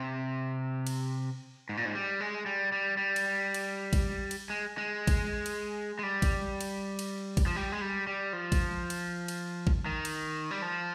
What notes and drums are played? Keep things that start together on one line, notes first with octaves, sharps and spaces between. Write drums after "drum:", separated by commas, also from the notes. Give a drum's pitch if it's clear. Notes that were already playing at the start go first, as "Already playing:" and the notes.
Already playing: C3
drum: cymbal
G#2
A#2
G#2
G3
G#3
G3
G3
G3
drum: cymbal
drum: cymbal
drum: kick A1, cymbal
drum: cymbal
G#3
G#3
drum: kick A1, cymbal
drum: cymbal
G#3
G3
drum: kick A1, cymbal
drum: cymbal
drum: cymbal
drum: kick A1, cymbal
F3
G3
G#3
G3
G3
F3
drum: kick A1, cymbal
drum: cymbal
drum: cymbal
drum: kick A1
D#3
drum: cymbal
G3
F3